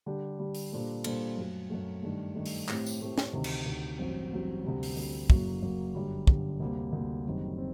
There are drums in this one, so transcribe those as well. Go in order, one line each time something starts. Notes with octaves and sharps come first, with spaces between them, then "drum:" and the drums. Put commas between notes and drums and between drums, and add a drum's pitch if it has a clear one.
D3 G3 D4 G4
D3 G3 D4 G4
drum: open hi-hat
A#2 G3 D4 A4 C5
A#2 G3 D4 A4 C5, drum: cymbal
F#2 F#3 A3
F#2 F#3 A3
G2 D#3 A3 D4
G2 D#3 A3 D4
drum: open hi-hat
A2 A3 C4 G4, drum: clap
drum: tambourine
A2 A3 C4 G4
drum: snare
D2 C3 D#3
drum: cymbal
D2 C3 D#3
A1 G2 F#3 C4
A1 G2 F#3 C4
D2 C3 G3
drum: open hi-hat
D2 C3 G3, drum: open hi-hat
F#1 F#2 F#3 A#3 F#4, drum: kick
F#1 F#2 F#3 A#3 F#4
G1 F#2 D3 G3
G1 F#2 D3 G3, drum: kick
D2 C3 G3 A#3
D2 C3 G3 A#3
F#1 F#2 D#3 G3 C4
C4